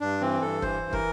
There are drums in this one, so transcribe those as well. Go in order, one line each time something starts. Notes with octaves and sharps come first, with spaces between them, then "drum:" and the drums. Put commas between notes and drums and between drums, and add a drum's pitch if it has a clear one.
G2 D4
E3 C4
G2 A4
E3 C5, drum: kick
G2
A#4, drum: kick